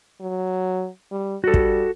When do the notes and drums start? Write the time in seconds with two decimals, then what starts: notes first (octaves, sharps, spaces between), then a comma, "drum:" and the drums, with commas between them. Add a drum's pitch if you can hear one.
0.20 F#3
1.12 G3
1.44 G3 F#4 A4
1.54 drum: kick